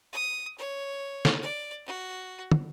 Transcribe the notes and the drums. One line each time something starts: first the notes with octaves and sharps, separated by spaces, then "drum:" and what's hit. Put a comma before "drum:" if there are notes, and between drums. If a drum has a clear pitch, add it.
D#6
C#5
drum: snare
D5
F#4
drum: tom